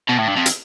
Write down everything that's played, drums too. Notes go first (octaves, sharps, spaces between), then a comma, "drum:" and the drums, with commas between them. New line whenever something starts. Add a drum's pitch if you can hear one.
B2
A2
G2
F2
drum: hi-hat